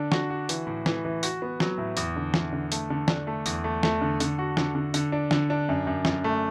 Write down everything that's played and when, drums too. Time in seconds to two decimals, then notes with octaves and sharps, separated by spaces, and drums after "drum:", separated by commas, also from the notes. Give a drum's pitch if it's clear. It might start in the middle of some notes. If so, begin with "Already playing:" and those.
Already playing: D3 D4
0.12 F#4, drum: snare
0.30 F#4
0.49 E3, drum: hi-hat
0.67 A2
0.86 E3, drum: snare
1.05 E3
1.23 F#4, drum: hi-hat
1.42 B3
1.60 F#3, drum: snare
1.78 A2
1.97 E2, drum: hi-hat
2.16 D3
2.34 E2, drum: snare
2.53 D3
2.72 A3, drum: hi-hat
2.90 D3
3.08 D4, drum: snare
3.27 A3
3.46 E2, drum: hi-hat
3.64 A3
3.83 A3, drum: snare
4.01 D3
4.20 D3, drum: hi-hat
4.38 F#4
4.57 D3, drum: snare
4.75 D3
4.94 D3, drum: hi-hat
5.12 D4
5.31 D3, drum: snare
5.50 D4
5.69 F#2
5.87 F#2
6.05 F#2, drum: snare
6.24 A3